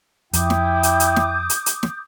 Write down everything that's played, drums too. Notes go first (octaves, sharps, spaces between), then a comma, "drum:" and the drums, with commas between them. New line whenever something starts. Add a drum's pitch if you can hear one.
F2 E4 G5 D6 D#6 G6, drum: hi-hat
drum: snare
drum: hi-hat
drum: hi-hat
drum: snare
drum: hi-hat
drum: hi-hat
drum: snare